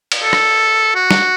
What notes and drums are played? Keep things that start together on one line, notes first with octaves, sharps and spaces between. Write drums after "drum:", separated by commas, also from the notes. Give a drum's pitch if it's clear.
drum: cymbal
A4
drum: rim click
F#4
drum: snare